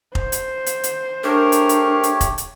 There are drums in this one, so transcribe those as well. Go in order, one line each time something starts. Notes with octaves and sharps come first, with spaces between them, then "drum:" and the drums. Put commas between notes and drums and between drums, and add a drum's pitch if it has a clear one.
C5, drum: kick F1
drum: hi-hat
drum: hi-hat
drum: hi-hat
A3 D4 G4 G#4 A#4 C#5
drum: hi-hat
drum: hi-hat
drum: hi-hat
drum: kick F1, hi-hat
drum: hi-hat